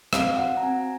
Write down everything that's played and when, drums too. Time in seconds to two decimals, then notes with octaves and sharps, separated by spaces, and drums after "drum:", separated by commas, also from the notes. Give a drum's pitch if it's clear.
0.13 C4 F5, drum: rim click
0.37 F#4 F#5
0.57 A#5
0.63 C4 G#5